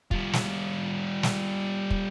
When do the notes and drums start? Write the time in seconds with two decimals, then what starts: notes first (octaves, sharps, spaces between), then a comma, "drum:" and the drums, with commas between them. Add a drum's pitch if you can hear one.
0.11 G3 F4, drum: kick
0.33 drum: snare
1.23 drum: snare
1.90 drum: kick